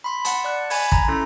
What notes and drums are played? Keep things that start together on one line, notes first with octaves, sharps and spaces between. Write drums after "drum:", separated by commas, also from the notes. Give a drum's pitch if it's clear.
B5 C6
F#5 A5, drum: hi-hat
D5 F#6 C#7
G#5 B5 G#6, drum: open hi-hat
A#5, drum: kick
C#4 E4 A4 C6